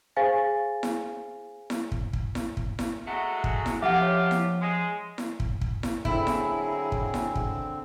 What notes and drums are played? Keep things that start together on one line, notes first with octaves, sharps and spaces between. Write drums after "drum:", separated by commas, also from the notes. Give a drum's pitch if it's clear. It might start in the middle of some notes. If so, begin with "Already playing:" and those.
G#4 C5 F5 G#5 A6
drum: snare E4
drum: snare E4
drum: kick
drum: kick
drum: snare E4
drum: kick
drum: snare E4
F#3 G#3 A3 C#7
drum: kick
drum: snare E4
D3 F3 F4 G4 E5 F#5
C#5
drum: snare E4
G#3
drum: snare E4
drum: kick
drum: kick
drum: snare E4
D3 F#3 A#3 C4 E4 G#4, drum: kick
drum: snare E4
drum: kick
drum: snare E4
drum: kick